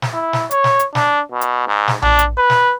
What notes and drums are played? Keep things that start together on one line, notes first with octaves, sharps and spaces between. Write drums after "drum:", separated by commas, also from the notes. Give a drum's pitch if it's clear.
drum: snare
E4
drum: snare
C#5, drum: hi-hat
drum: snare
drum: hi-hat
D4, drum: snare
B2
drum: hi-hat
G#2
drum: snare
D4, drum: tom A#1
drum: hi-hat
B4
drum: snare